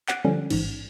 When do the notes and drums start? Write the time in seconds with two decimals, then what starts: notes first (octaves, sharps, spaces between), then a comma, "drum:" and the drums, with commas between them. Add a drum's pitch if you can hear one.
0.09 F#5 D6 F#6 C7 D7 D#7, drum: clap
0.25 D3 F3 G3 C#4
0.50 A1 G#2, drum: cymbal